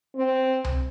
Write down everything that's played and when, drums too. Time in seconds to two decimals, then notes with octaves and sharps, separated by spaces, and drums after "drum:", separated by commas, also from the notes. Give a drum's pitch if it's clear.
0.16 C4
0.64 drum: tom C2